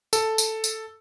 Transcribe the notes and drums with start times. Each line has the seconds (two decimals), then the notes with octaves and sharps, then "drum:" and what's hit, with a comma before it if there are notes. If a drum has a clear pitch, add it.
0.13 A4, drum: tambourine
0.38 drum: tambourine
0.64 drum: tambourine